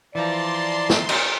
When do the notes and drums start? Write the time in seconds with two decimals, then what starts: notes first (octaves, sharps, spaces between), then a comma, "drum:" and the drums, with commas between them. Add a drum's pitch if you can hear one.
0.15 E3 F3 D5 A5 A#5 C6
0.90 drum: snare
1.09 drum: cymbal